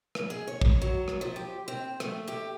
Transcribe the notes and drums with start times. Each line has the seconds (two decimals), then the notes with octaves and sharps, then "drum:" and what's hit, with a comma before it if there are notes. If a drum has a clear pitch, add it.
0.15 drum: rim click
0.30 G#4
0.47 C#5
0.61 drum: kick
0.82 F#3
1.08 drum: rim click
1.21 F3
1.36 G4
1.68 C4
2.00 A3, drum: rim click
2.28 G4